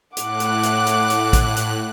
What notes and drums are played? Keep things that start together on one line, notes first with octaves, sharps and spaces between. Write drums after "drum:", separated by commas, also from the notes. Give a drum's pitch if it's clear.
A2 F#5 D6 F#6, drum: hi-hat
drum: hi-hat
drum: hi-hat
drum: hi-hat
drum: hi-hat
drum: kick, hi-hat
drum: hi-hat